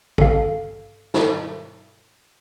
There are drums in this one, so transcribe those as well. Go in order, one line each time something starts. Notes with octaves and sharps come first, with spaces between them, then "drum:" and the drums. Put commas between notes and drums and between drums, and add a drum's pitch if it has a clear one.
A4 F5, drum: kick
drum: snare